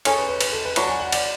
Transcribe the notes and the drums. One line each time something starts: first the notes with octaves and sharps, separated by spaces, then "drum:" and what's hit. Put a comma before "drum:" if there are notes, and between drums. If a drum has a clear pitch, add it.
C#4 G#4 A4 C#5, drum: cymbal
B4
B4
B4, drum: cymbal
A4
B4
F#3 B3 D4 F#4 A5, drum: cymbal
G#5
F#5
D5, drum: cymbal